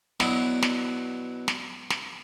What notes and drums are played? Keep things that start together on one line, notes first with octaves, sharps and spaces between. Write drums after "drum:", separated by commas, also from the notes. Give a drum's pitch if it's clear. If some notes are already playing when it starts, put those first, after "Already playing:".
B2 F#3 B3 D4 E4, drum: snare
drum: snare
drum: snare
drum: snare